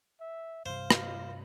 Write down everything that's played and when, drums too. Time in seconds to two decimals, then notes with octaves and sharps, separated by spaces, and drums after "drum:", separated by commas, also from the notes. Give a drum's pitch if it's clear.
0.20 E5
0.66 G2 C3 C5 F5
0.90 drum: rim click